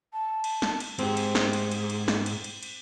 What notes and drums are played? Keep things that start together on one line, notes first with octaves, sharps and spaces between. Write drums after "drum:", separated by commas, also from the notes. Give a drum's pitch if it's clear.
A5
drum: cymbal
drum: snare
drum: cymbal
G#2 C4 G4 G#4, drum: cymbal
drum: cymbal
drum: snare
drum: cymbal
drum: cymbal
drum: cymbal
drum: snare
drum: cymbal
drum: cymbal
drum: cymbal